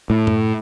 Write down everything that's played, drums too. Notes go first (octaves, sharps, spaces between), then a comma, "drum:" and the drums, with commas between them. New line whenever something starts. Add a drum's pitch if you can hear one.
A2
drum: tom F#2